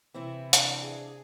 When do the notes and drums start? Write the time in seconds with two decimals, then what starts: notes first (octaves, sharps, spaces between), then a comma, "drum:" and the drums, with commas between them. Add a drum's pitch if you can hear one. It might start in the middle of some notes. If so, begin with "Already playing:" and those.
0.14 C3 E3 C4 E4
0.53 D4 F5, drum: hi-hat
0.83 G#4